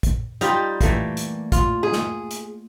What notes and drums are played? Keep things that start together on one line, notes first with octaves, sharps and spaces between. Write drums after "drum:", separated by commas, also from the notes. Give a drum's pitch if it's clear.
drum: kick, hi-hat
G3 D#4 F4 G4, drum: hi-hat
E3 A3 A#3, drum: kick, hi-hat
drum: hi-hat
F4, drum: kick, hi-hat
G#4
drum: snare
drum: hi-hat